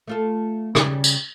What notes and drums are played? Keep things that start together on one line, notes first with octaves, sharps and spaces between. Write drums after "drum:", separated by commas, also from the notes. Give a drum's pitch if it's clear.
A3 F4 A4
C#3 G3, drum: rim click
drum: tambourine